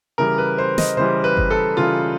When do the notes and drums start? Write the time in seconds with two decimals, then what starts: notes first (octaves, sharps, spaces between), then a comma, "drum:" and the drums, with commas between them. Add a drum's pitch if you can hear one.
0.18 C#3 E3 G3 A#4
0.38 B4
0.58 C5
0.78 D#5, drum: snare
0.97 C#3 E3 G3 C5
1.24 B4
1.37 drum: kick G1
1.50 A4
1.77 C#3 E3 G3 F4